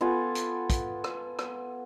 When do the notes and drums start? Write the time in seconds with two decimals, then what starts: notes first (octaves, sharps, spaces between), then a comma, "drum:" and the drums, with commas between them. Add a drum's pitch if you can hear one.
0.01 B3 F4 A4 G#5
0.35 drum: hi-hat
0.70 drum: kick, hi-hat
1.04 drum: rim click
1.39 drum: rim click